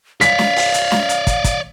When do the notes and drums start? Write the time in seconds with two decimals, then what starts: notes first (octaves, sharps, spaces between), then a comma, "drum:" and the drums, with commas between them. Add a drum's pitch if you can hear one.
0.21 C#5 D5 F5 B6, drum: hi-hat
0.39 drum: snare
0.56 drum: open hi-hat
0.74 drum: hi-hat
0.92 drum: snare
1.09 drum: hi-hat
1.27 drum: kick, hi-hat
1.44 drum: kick, hi-hat